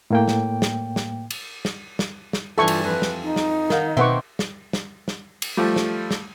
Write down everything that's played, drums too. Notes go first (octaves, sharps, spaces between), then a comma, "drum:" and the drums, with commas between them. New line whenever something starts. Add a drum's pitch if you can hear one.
A2 A#3 G5
drum: snare
drum: snare
drum: snare
drum: cymbal
drum: snare
drum: snare
drum: snare
G2 E3 G3 F4 A4 E5 C#6
drum: cymbal
F2 B4
drum: snare
D#4
drum: snare
D#3 A#4 F5 F#5, drum: snare
B2 A#3 C4 B4 E5 F#5 C#6 D6
drum: snare
drum: snare
drum: snare
drum: cymbal
F3 G3 A3
drum: snare
drum: snare